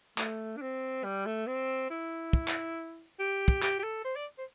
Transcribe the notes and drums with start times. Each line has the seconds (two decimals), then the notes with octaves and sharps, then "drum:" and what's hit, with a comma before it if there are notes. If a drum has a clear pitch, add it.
0.18 A3, drum: clap
0.57 D4
0.62 C4
1.04 G3
1.26 A3
1.47 C4
1.90 E4
2.33 drum: kick
2.48 drum: clap
3.19 G4
3.48 drum: kick
3.62 G4, drum: clap
3.79 G4
3.84 A4
4.05 C5
4.16 D5
4.38 C5